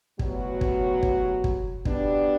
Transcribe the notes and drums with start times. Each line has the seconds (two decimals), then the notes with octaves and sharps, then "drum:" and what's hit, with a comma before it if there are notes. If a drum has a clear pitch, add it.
0.19 A2 F#3 G3 B3 F#4, drum: kick
0.61 drum: kick
1.03 drum: kick
1.44 drum: kick
1.85 B2 G3 B3 D4, drum: kick